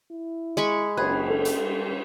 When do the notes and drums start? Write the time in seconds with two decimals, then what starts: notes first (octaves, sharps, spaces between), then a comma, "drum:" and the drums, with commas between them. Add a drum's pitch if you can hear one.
0.11 E4
0.57 G#3 B5 C#6
0.97 F#1 G#4 B5 F#6, drum: cymbal
1.30 A4
1.45 drum: hi-hat
1.61 G3